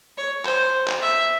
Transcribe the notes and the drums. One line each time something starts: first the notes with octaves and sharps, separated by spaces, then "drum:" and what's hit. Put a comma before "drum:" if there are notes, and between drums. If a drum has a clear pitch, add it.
C#5
C5, drum: clap
drum: clap
E5